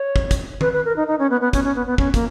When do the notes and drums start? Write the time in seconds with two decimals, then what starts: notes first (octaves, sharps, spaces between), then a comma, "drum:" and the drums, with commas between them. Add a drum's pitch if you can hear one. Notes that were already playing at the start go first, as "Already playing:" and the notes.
Already playing: C#5
0.16 drum: kick
0.31 drum: kick, hi-hat
0.61 B4, drum: tom D#3
0.73 B4
0.85 A#4
0.96 D#4
1.07 D#4
1.19 C#4
1.30 B3
1.41 B3
1.53 C#4, drum: kick, hi-hat
1.64 C#4
1.76 B3
1.86 B3
1.98 C#4, drum: kick
2.14 A#3, drum: kick, hi-hat